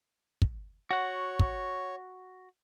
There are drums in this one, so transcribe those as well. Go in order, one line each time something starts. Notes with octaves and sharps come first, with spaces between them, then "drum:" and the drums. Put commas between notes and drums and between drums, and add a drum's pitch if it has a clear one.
drum: kick
F#4 C#5 F#5
drum: kick